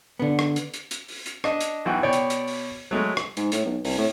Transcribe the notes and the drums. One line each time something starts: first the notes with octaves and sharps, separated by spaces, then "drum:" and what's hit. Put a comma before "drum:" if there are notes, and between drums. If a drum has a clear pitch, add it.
D3 B3
drum: rim click
drum: hi-hat
drum: hi-hat
drum: hi-hat
drum: open hi-hat
drum: hi-hat
D4 D#5, drum: rim click
drum: hi-hat
B1 E3 F#4 G5
B2 C#5 D5 G5
drum: hi-hat
drum: hi-hat
drum: open hi-hat
F#3 G#3 A3
drum: rim click
G#2, drum: hi-hat
A2, drum: hi-hat
B1
C2, drum: open hi-hat
A2